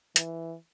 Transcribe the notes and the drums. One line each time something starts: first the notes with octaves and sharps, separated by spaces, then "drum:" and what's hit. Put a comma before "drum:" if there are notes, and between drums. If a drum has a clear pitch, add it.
E3, drum: hi-hat